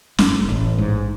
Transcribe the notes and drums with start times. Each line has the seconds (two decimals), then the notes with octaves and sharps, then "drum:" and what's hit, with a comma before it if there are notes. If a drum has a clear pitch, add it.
0.19 F#1, drum: snare
0.49 A1
0.78 G#2